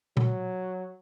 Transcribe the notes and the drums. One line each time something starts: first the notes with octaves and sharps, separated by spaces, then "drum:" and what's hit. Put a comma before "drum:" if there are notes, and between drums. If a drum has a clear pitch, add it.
F#3, drum: tom